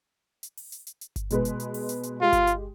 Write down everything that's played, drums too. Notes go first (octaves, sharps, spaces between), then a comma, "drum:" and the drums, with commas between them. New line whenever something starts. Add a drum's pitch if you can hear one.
drum: hi-hat
drum: open hi-hat
drum: hi-hat
drum: hi-hat
drum: hi-hat
drum: kick G1, hi-hat
B2 G#3 B4, drum: hi-hat
drum: hi-hat
drum: hi-hat
drum: open hi-hat
drum: hi-hat
drum: hi-hat
G#3 F4 G4
drum: kick G1, hi-hat
drum: hi-hat